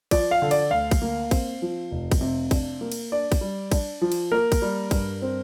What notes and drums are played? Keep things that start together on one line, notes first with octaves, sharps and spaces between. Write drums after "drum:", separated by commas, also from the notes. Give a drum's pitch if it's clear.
F3 D5, drum: kick, cymbal
F5
D3
D5, drum: cymbal
D2 F5
drum: kick, cymbal
A#3
C4, drum: kick, cymbal
F3
F1
drum: kick, cymbal
C3
D4, drum: kick, cymbal
A#3
drum: cymbal
D4 D5
drum: kick, cymbal
G3
D4, drum: kick, cymbal
F3
drum: cymbal
A#3 A#4
drum: kick, cymbal
G3
G2, drum: kick, cymbal
C4